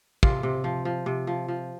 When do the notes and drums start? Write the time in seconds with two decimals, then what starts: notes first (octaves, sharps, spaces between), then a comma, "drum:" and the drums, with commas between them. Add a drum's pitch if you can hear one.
0.23 C3 F4, drum: kick
0.43 C3
0.64 F3
0.85 F3
1.06 C3
1.27 F3
1.48 F3